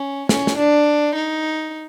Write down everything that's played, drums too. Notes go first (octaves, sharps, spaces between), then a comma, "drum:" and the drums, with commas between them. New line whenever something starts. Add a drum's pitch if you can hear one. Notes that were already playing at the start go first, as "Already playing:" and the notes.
Already playing: C#4
C#4, drum: snare
drum: snare
D4
D#4